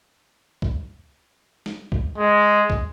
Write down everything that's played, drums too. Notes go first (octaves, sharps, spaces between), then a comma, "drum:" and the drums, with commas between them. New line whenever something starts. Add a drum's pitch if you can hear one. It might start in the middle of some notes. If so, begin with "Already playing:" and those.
drum: kick C2
drum: snare
drum: kick C2
G#3
drum: kick C2